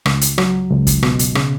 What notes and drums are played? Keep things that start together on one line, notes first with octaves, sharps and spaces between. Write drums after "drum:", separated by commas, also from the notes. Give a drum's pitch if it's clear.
C#2, drum: rim click
drum: hi-hat
F#3, drum: rim click
C#2
drum: kick, hi-hat
B2, drum: rim click
drum: hi-hat
C#3, drum: rim click